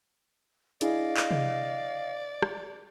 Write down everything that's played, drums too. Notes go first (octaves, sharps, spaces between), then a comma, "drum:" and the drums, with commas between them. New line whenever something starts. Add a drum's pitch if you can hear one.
D4 E4 G#4 D5 D#5 F5, drum: hi-hat
drum: clap
drum: tom C3
drum: rim click